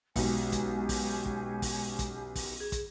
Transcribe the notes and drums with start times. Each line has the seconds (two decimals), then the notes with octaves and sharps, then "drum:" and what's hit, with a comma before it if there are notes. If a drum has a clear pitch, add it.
0.16 B1 G#3 C#4 G4 G#5, drum: kick, open hi-hat
0.52 drum: kick, hi-hat
0.89 drum: kick, open hi-hat
1.26 drum: kick
1.62 drum: kick, open hi-hat
1.99 drum: kick, hi-hat
2.35 drum: kick, open hi-hat
2.60 G#4
2.72 drum: kick, hi-hat